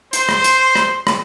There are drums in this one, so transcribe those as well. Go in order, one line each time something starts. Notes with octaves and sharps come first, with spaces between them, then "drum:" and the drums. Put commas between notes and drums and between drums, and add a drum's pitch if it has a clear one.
C5 C6, drum: hi-hat
drum: rim click
drum: hi-hat
drum: rim click
drum: rim click